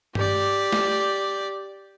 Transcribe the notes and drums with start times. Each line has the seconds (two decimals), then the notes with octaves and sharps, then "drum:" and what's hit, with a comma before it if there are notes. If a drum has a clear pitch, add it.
0.15 G4 D5, drum: tom G2
0.72 drum: snare